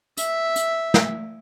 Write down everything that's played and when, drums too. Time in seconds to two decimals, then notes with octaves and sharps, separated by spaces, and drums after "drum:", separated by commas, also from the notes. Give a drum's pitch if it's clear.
0.17 E5, drum: hi-hat
0.56 drum: hi-hat
0.94 drum: snare